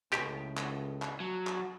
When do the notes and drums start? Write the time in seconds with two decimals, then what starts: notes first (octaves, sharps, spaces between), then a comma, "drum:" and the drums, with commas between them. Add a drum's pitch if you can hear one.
0.12 C#2 A2 G4, drum: clap
0.57 drum: clap
1.02 drum: clap
1.20 F#3
1.47 drum: clap